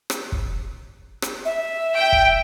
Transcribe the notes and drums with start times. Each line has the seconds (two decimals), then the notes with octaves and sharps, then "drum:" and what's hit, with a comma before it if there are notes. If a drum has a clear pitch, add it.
0.10 drum: rim click
0.32 drum: kick
1.22 drum: rim click
1.45 E5
1.96 G5
2.12 drum: kick